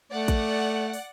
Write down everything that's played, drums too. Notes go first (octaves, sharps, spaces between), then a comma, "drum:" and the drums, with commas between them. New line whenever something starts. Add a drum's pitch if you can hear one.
A3 D5 F#5
drum: kick A1, hi-hat
drum: open hi-hat